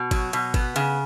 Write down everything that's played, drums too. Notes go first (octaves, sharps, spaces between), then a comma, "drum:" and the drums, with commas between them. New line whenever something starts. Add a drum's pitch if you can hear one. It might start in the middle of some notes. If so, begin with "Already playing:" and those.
Already playing: B2
F#3, drum: kick, cymbal
B2, drum: cymbal
B3, drum: kick, cymbal
C#3, drum: cymbal